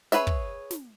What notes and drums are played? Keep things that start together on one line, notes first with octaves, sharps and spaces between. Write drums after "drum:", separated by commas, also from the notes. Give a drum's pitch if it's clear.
G#4 B4 C#5 E5, drum: snare
drum: kick
drum: snare